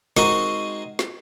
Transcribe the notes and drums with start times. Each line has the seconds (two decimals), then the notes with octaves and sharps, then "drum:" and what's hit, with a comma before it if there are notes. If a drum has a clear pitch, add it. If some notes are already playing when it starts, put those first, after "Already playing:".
0.17 G#3 C4 D#4 F#4 A#4 D#5, drum: snare
0.99 drum: snare